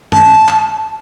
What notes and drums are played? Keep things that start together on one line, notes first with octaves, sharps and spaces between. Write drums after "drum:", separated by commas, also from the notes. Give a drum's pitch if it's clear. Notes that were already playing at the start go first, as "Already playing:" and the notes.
A5, drum: tom
drum: clap